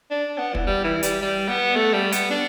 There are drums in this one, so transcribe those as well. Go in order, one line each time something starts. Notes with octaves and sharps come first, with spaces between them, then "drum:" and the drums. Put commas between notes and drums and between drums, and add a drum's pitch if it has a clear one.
D4
B3
E3, drum: kick
G3
E3
G3, drum: hi-hat
G3
B3
A3
G3
B3, drum: hi-hat
D4